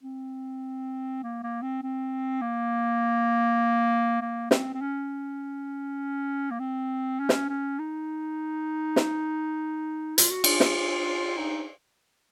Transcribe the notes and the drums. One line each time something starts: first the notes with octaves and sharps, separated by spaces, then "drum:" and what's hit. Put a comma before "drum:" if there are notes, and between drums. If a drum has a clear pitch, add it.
C4
A#3
A#3
C4
C4
A#3
A#3
C4, drum: snare
C4
C#4
A#3
C4
C#4
drum: snare
C#4
D#4
drum: snare
F4, drum: hi-hat
F#4
F4, drum: cymbal
drum: snare
D#4